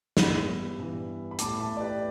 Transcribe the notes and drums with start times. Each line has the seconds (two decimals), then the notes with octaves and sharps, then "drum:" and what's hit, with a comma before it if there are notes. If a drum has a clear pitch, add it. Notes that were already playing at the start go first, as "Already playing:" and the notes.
0.17 G2 E3 G3 B3 B5 E6, drum: snare
0.78 G2 E3 G3 B3
1.31 B5
1.39 A2 A3 A5 D6, drum: hi-hat
1.59 E5 A5
1.77 D5
1.80 G4 B4